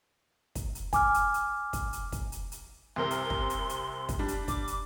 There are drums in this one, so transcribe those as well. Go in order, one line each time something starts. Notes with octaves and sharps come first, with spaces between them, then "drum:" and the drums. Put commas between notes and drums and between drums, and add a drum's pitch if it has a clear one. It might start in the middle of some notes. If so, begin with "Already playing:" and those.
drum: kick, hi-hat
drum: hi-hat
G#5 D6 F6, drum: kick, hi-hat
drum: hi-hat
drum: hi-hat
drum: kick, hi-hat
drum: hi-hat
drum: kick, hi-hat
drum: hi-hat
drum: hi-hat
C2 C3 A#4 C6
drum: hi-hat
drum: kick
drum: hi-hat
drum: hi-hat
drum: kick, hi-hat
G3 D4
drum: hi-hat
D6, drum: kick, hi-hat
drum: hi-hat